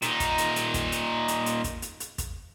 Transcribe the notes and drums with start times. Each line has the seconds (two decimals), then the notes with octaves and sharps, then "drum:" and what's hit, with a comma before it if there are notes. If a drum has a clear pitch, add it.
0.02 A#2 D#4, drum: hi-hat
0.20 drum: kick, hi-hat
0.38 drum: hi-hat
0.56 drum: hi-hat
0.74 drum: kick, hi-hat
0.92 drum: hi-hat
1.28 drum: hi-hat
1.46 drum: hi-hat
1.64 drum: kick, hi-hat
1.82 drum: hi-hat
2.00 drum: hi-hat
2.18 drum: kick, hi-hat